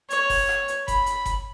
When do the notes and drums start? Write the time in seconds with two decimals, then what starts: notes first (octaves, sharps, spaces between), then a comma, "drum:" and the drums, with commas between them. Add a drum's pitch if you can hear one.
0.10 C#5, drum: hi-hat
0.30 drum: kick F#1, open hi-hat
0.49 drum: rim click
0.68 drum: hi-hat
0.88 B5, drum: kick F#1, hi-hat
1.06 drum: hi-hat
1.25 drum: kick F#1, hi-hat